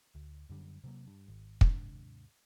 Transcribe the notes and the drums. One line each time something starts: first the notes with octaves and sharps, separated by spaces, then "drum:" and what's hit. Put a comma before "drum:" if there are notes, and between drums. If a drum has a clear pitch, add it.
D2
F#2 D3 G3
C3 F#3 A#3
G2
G#1
D#2 G#2 C3 D4, drum: kick